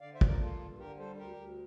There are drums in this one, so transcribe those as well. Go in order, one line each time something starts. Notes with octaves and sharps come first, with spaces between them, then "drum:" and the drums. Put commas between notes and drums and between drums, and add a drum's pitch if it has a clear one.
D3 D5 F5
C5 E5
F3, drum: kick
A#4 D5
A#3 F4 A4
G2
D3 G4 A#4
G3 A4 C5
D2 G4 A#4
D2